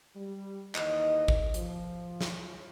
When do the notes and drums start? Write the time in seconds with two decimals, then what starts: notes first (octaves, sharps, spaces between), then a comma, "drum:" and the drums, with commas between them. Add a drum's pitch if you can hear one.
0.16 G3
0.75 D#2 E3 D#4 D#5, drum: clap
1.28 drum: kick G#1
1.54 F3, drum: hi-hat
2.21 drum: snare